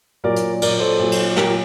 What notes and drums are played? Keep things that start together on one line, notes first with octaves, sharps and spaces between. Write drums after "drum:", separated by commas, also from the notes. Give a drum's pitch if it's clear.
A#2 F#3 A#4 D5
drum: hi-hat
A#2 F#3 A#4 D5, drum: cymbal
A4 C5
A#2 F#3
drum: cymbal
A#2 F#3 G4 A#4, drum: snare